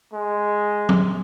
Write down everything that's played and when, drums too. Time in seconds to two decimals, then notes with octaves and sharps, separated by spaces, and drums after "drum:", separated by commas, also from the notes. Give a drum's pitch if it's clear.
0.14 G#3
0.89 drum: tom F#3